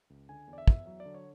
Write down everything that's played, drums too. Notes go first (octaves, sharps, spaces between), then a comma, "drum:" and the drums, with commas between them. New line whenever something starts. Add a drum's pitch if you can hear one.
C#2
D3 G#5
E2
D5
E5
E2, drum: kick
F#3 E5
D5
D3
C#5